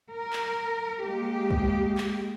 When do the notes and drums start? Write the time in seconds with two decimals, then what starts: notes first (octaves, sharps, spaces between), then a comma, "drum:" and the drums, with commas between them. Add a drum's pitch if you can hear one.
0.12 A#4
0.33 drum: clap
1.04 G#3 A#3 G4
1.51 drum: kick
1.98 drum: clap